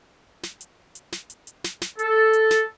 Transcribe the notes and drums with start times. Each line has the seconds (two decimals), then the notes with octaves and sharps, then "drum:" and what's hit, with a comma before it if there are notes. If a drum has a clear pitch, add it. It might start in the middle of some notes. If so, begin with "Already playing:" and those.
0.43 drum: snare
0.61 drum: hi-hat
0.95 drum: hi-hat
1.12 drum: snare
1.30 drum: hi-hat
1.47 drum: hi-hat
1.64 drum: snare
1.82 drum: snare
1.99 A4, drum: hi-hat
2.33 drum: hi-hat
2.51 drum: snare